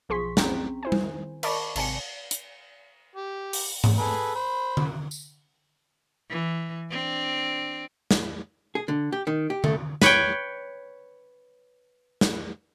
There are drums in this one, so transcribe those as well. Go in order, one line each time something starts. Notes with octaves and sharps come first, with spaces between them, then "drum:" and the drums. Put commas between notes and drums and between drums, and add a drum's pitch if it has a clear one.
B1 F3 G#4 C6 C#6 B6
C4 C#4 G#4 G5 A#5, drum: snare
E4 C5 G#5
drum: tom G3
D#3
A#4 D#5 A5 B5 C#6 D6, drum: cymbal
G#1 C3 G#5 A5 C#7, drum: cymbal
drum: hi-hat
G4
drum: open hi-hat
drum: tom G#2
G#4 A4 B4
C5 B5
drum: tom D3
drum: tambourine
E3
C4 D4
drum: snare
G#4
D3
G4
D#3
G4
A3, drum: tom D3
B4 C#5 G5, drum: snare
drum: snare